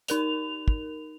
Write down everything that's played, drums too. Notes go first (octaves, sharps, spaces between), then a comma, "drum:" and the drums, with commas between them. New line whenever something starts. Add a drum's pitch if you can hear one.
D#4 A#4 F7, drum: hi-hat
drum: kick